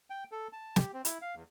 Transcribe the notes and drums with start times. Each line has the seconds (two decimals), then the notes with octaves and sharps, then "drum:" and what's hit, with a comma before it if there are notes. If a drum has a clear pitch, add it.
0.10 G5
0.32 A4
0.53 A5
0.76 G4, drum: snare
0.93 C4
1.05 E4, drum: hi-hat
1.22 F5
1.35 E2